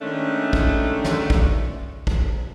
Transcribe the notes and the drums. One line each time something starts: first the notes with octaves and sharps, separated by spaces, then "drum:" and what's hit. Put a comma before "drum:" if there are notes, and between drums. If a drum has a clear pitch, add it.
D#3 G#3 A3 C#4 D4
drum: kick
drum: snare
drum: kick
drum: kick